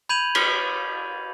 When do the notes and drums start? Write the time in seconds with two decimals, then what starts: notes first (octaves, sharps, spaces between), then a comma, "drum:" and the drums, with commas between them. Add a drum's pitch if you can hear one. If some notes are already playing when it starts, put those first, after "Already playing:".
0.09 B5 G6 G#6 D#7 F7 F#7
0.35 drum: cymbal